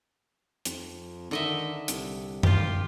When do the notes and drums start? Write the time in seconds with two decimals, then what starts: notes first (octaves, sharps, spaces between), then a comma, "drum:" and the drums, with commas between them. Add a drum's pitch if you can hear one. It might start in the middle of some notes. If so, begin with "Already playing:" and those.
0.65 F2, drum: hi-hat
1.31 D3 D#3 D#5 E5
1.88 C2, drum: hi-hat
2.43 F4 G4, drum: tom F#2